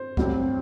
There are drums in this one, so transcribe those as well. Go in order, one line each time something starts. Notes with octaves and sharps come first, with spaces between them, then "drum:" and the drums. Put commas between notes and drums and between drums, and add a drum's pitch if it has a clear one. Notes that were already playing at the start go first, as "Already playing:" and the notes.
Already playing: C5
A1 G2 F#3 C4, drum: kick C#2